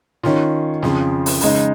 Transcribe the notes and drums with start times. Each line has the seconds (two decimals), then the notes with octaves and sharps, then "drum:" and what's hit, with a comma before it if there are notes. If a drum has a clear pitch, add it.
0.23 D#3 C#4 F4, drum: snare
0.82 F2 C#3 F3, drum: snare
1.26 drum: open hi-hat
1.41 C#3 G#3 D#4, drum: open hi-hat